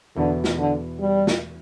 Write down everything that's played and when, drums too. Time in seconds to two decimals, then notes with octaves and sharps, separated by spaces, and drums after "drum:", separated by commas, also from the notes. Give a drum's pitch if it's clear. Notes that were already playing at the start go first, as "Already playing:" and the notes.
0.16 E2 B2 D3 B3
0.44 drum: snare
0.58 D3
0.99 G3
1.27 drum: snare